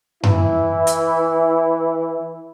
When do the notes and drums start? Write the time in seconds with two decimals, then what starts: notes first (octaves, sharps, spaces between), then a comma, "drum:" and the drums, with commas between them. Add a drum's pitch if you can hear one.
0.23 E3 E4, drum: tom F#2
0.87 drum: hi-hat